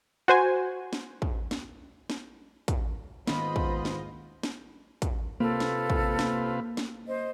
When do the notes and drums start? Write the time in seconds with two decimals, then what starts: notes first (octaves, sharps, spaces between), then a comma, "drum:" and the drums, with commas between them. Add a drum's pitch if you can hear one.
0.28 F#4 C5 G#5
0.93 drum: snare
1.22 drum: kick
1.51 drum: snare
2.10 drum: snare
2.68 drum: kick, hi-hat
3.27 G#2 D#3 A#3 B3 F4 C5 D#5 B5, drum: snare
3.56 drum: kick
3.85 drum: snare
4.43 drum: snare
5.02 drum: kick, hi-hat
5.40 C3 A#3 F4 A4 B4
5.60 drum: snare
5.90 drum: kick
6.19 drum: snare
6.77 drum: snare
7.07 C5 D#5